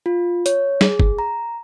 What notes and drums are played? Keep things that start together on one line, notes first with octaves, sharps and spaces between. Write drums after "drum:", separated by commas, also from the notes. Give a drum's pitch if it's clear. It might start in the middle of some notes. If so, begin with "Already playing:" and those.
F4
C#5, drum: hi-hat
G#4, drum: snare
drum: kick
A#5